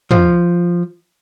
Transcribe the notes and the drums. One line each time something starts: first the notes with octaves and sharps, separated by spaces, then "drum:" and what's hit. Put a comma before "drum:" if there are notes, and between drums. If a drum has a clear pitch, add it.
F3, drum: tom